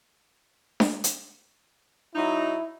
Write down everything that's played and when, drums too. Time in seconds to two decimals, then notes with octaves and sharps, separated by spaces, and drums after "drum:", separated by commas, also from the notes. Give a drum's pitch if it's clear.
0.80 drum: snare D4
1.04 drum: hi-hat
2.16 F#3 D#4 E4